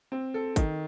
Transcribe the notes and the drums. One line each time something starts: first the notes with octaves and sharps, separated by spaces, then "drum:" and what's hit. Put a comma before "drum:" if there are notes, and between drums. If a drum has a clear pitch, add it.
C4
A4
D#3, drum: kick, hi-hat